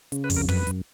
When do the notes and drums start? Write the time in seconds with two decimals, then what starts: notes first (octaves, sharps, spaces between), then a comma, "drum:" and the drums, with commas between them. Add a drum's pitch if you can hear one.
0.12 C#3, drum: hi-hat
0.24 B4
0.30 F2, drum: kick, open hi-hat
0.37 A#4
0.49 F#2 B4, drum: tom
0.67 F#2, drum: hi-hat